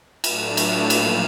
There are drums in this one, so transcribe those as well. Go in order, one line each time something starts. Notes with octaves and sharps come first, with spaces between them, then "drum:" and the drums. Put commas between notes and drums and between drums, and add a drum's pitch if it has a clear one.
A2 F#3 A3 D4 F#5, drum: cymbal
F5, drum: cymbal
A#2 F3 A#3 D#4 F5, drum: cymbal